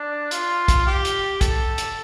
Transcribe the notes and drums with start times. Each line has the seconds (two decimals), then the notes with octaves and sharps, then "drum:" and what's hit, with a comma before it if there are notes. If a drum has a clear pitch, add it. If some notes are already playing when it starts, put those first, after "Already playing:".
Already playing: D4
0.31 F4, drum: hi-hat
0.68 drum: kick, hi-hat
0.87 G4
1.05 drum: hi-hat
1.41 A4, drum: kick, hi-hat
1.78 drum: hi-hat